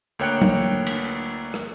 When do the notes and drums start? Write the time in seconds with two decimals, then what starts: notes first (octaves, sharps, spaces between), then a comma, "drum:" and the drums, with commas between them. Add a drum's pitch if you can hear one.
0.19 D2 A#3 C#5 G5 F#6 C#7
0.42 drum: tom
0.87 drum: cymbal
1.54 drum: rim click